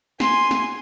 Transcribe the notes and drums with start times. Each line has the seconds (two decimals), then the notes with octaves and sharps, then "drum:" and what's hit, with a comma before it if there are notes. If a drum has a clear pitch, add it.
0.20 G#5 C6, drum: snare
0.51 drum: snare